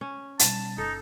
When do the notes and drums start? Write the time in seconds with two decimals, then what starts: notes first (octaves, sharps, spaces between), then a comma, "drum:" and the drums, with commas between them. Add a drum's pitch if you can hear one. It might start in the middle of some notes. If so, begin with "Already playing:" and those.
0.01 C#4
0.39 B2 G3 A5, drum: hi-hat
0.78 F#1 D#4 A4